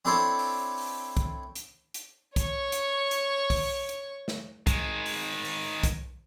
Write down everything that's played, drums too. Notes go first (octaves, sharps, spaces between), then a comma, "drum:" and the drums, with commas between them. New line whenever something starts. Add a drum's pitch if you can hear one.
C4 D4 E4 A4 C5 C#5
drum: open hi-hat
drum: open hi-hat
drum: kick B1, hi-hat
drum: hi-hat
drum: hi-hat
C#5 C#6, drum: kick B1, hi-hat
drum: hi-hat
drum: hi-hat
drum: kick B1, open hi-hat
drum: hi-hat
drum: snare
D#3 G#3, drum: kick B1, hi-hat
drum: open hi-hat
drum: open hi-hat
drum: kick B1, hi-hat